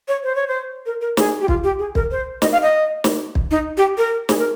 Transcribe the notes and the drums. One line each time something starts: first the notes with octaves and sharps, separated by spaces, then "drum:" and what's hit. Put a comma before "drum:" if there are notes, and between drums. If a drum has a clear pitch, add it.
C#5
C5
C#5
C5
A#4
A#4
G#4, drum: snare
G4
F4, drum: kick
G4
G#4
A#4, drum: kick
C5
D#5, drum: snare
F5
D#5
drum: snare
drum: kick
D#4
G4
A#4
G#4, drum: snare
A#4